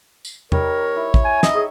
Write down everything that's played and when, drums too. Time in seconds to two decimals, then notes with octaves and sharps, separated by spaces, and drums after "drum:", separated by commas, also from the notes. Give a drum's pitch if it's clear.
0.25 drum: tambourine
0.52 G3 D#4 A#4 C#5, drum: tom E2
0.96 E4
1.14 drum: kick
1.24 G#5
1.43 D#4 D#5 E5, drum: snare
1.55 G#4 C#5 E5